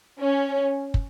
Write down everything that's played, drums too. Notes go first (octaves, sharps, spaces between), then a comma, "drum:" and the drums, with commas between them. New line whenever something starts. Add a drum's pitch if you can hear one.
C#4
drum: kick